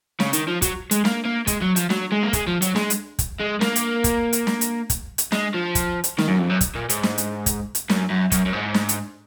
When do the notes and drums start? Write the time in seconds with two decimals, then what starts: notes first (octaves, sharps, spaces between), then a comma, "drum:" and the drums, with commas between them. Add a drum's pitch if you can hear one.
0.20 C#3, drum: snare
0.33 D#3, drum: hi-hat
0.48 F3
0.62 F#3, drum: kick, hi-hat
0.91 G#3, drum: hi-hat
1.05 A#3, drum: snare
1.26 A#3
1.47 G#3, drum: kick, hi-hat
1.62 F#3
1.76 F3, drum: hi-hat
1.90 F#3, drum: snare
2.12 G#3
2.23 A#3
2.33 G#3, drum: kick, hi-hat
2.47 F3
2.62 F#3, drum: hi-hat
2.76 G#3, drum: snare
2.90 drum: hi-hat
3.19 drum: kick, hi-hat
3.40 G#3
3.61 A#3, drum: snare
3.76 drum: hi-hat
4.04 drum: kick, hi-hat
4.33 drum: hi-hat
4.47 drum: snare
4.61 drum: hi-hat
4.90 drum: kick, hi-hat
5.18 drum: hi-hat
5.32 G#3, drum: snare
5.54 F3
5.75 drum: kick, hi-hat
6.04 drum: hi-hat
6.18 D#3, drum: snare
6.28 F#2
6.39 F2
6.50 F#2
6.61 drum: kick, hi-hat
6.75 A#2
6.90 G#2, drum: hi-hat
7.03 drum: snare
7.18 drum: hi-hat
7.46 drum: kick, hi-hat
7.75 drum: hi-hat
7.89 F#2, drum: snare
8.10 F#2
8.32 F#2, drum: kick, hi-hat
8.45 F#2
8.53 G#2
8.74 drum: snare
8.89 drum: hi-hat